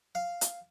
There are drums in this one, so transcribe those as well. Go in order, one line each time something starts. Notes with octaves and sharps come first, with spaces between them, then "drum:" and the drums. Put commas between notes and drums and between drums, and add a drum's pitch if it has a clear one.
F5
drum: hi-hat